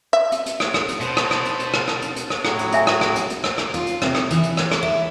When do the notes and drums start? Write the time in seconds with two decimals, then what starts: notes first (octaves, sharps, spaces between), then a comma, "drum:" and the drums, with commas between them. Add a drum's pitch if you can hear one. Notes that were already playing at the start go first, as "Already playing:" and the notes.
0.13 E5
0.32 drum: hi-hat
0.46 drum: hi-hat
0.60 drum: rim click
0.74 drum: rim click
0.89 drum: hi-hat
1.01 B2 C5 A5, drum: hi-hat
1.17 drum: rim click
1.31 drum: rim click
1.45 drum: hi-hat
1.59 drum: hi-hat
1.74 drum: rim click
1.88 drum: rim click
2.02 drum: hi-hat
2.16 drum: hi-hat
2.30 drum: rim click
2.45 A2 F#3, drum: rim click
2.59 drum: hi-hat
2.72 A4 E5 G#5, drum: hi-hat
2.87 drum: rim click
3.01 drum: rim click
3.15 drum: hi-hat
3.30 drum: hi-hat
3.44 drum: rim click
3.58 drum: rim click
3.74 F4, drum: hi-hat
3.86 drum: hi-hat
4.02 C3, drum: rim click
4.15 drum: rim click
4.31 E3, drum: hi-hat
4.43 drum: hi-hat
4.57 drum: rim click
4.72 drum: rim click
4.83 E4